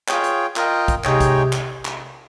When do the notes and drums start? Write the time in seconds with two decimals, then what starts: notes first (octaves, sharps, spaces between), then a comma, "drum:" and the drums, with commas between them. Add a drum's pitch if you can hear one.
0.08 F4 G#4 C#5 G5, drum: clap
0.24 drum: hi-hat
0.56 F4 A#4 D#5 G5, drum: clap
0.88 drum: kick, hi-hat
1.04 C3 G#3 D#4 G#4 C#5 G5, drum: clap
1.21 drum: kick, hi-hat
1.53 drum: clap
1.85 drum: clap